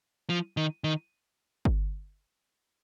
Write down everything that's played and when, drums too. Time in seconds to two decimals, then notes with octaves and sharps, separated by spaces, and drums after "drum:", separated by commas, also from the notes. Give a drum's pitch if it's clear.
0.30 F3
0.57 D#3
0.84 D#3
1.65 drum: kick G1